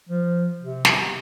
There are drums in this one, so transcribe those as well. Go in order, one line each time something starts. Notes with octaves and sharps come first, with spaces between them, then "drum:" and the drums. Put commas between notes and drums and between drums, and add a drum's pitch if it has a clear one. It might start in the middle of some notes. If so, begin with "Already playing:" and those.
F3
C3
drum: snare